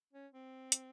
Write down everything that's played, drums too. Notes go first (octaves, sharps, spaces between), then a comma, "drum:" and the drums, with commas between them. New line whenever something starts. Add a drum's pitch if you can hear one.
C#4
C4
drum: hi-hat